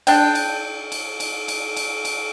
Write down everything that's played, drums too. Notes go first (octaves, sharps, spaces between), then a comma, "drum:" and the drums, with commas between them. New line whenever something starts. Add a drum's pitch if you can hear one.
D4 G5, drum: cymbal
drum: cymbal
drum: cymbal
drum: cymbal
drum: cymbal
drum: cymbal
drum: cymbal